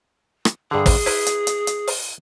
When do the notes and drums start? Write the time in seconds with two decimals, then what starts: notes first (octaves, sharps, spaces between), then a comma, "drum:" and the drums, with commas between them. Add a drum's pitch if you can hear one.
0.45 drum: rim click
0.71 G2 D3 G#4
0.86 drum: kick, open hi-hat
1.06 E4 B4, drum: open hi-hat
1.26 drum: hi-hat
1.47 drum: hi-hat
1.67 drum: hi-hat
1.87 drum: open hi-hat